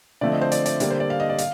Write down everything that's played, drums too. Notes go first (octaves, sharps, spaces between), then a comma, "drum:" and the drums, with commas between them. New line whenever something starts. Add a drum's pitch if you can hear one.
D3 F3 A3 C4 D5
D#5
C5
D5, drum: hi-hat
D5, drum: hi-hat
D3 G3 A#3 D5, drum: hi-hat
C5
D5
F5
D#5
D5
F5, drum: hi-hat